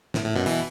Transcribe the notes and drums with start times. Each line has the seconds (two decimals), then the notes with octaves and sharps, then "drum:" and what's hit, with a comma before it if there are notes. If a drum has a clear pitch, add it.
0.14 A2, drum: snare
0.24 A2
0.36 F#2 B2
0.46 B2 E3, drum: open hi-hat